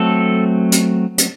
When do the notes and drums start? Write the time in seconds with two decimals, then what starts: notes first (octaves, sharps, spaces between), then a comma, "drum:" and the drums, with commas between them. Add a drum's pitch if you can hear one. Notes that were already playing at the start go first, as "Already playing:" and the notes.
Already playing: F#3 A3 C4 A4
0.72 drum: hi-hat
1.18 drum: hi-hat